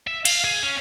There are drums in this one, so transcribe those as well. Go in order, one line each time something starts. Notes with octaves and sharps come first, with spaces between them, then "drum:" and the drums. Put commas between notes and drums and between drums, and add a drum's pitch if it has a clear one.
E5
F5, drum: cymbal
G#4
C#4